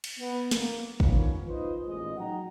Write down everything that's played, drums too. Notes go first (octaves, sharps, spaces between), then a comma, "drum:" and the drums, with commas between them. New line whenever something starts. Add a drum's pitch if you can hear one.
drum: cymbal
B3
A#3, drum: snare
D#3 F3 A#3 B3 C#4, drum: kick
D#4 F4 B4 C5 D#5
A1 A#2 G#3 D#5
F#3 D#4 F#5 G5 A#5